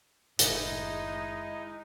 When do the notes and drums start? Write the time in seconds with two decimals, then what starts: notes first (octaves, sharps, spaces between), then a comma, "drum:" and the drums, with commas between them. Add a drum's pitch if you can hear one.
0.39 F#1 A2 D#3 G#3 D#4 E4 D#5, drum: hi-hat